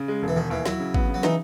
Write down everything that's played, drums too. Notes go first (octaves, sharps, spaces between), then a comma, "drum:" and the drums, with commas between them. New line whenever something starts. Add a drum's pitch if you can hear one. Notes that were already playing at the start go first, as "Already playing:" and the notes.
Already playing: C#3
G#3
E1
E3
E1 D#3
D#2 E3
F#3 E4, drum: snare
C#3
B3, drum: kick G#1
C#3
F#3
E3 D#4, drum: snare